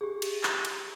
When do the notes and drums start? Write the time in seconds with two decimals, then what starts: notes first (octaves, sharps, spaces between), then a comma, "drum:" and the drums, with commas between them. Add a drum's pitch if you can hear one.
0.01 G4 G#4
0.22 drum: cymbal
0.43 drum: clap
0.65 drum: cymbal